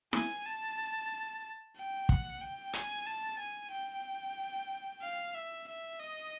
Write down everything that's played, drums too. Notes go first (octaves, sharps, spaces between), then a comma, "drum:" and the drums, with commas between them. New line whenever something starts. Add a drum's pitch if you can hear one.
G#5, drum: snare E4
A5
G5
F#5, drum: kick
G5
G#5, drum: hi-hat
A5
G#5
G5
F5
E5
E5
D#5